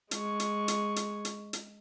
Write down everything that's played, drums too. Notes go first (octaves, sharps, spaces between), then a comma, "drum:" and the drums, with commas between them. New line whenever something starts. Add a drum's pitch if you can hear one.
G#3 C#6, drum: hi-hat
drum: hi-hat
drum: hi-hat
drum: hi-hat
drum: hi-hat
drum: hi-hat